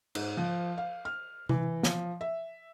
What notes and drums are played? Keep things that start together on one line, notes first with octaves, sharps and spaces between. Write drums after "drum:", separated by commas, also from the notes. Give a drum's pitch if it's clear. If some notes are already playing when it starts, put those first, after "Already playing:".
G#2, drum: cymbal
F3
F5
F6
E3, drum: tom C3
F3, drum: snare
E5